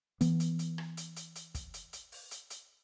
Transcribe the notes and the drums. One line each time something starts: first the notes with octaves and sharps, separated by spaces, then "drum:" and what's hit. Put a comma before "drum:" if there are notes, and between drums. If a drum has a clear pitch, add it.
E3 B3, drum: hi-hat
drum: hi-hat
drum: hi-hat
drum: rim click
drum: hi-hat
drum: hi-hat
drum: hi-hat
drum: kick, hi-hat
drum: hi-hat
drum: hi-hat
drum: open hi-hat
drum: hi-hat
drum: hi-hat